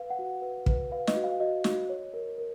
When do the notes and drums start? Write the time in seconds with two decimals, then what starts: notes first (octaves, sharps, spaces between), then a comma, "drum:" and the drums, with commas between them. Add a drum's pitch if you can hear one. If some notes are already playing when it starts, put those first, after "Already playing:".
Already playing: B4 F5
0.10 F#5
0.19 F#4
0.42 B4
0.66 B4, drum: kick
0.91 B4 F5
1.07 D#5, drum: snare
1.16 F#4
1.24 F5
1.40 F#4 D#5
1.64 F#4, drum: snare
1.89 C#5
2.14 A#4
2.38 A#4